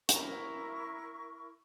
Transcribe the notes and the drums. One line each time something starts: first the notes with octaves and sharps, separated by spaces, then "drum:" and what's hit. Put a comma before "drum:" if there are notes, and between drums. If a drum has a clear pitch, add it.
E4 A#4 C#6, drum: hi-hat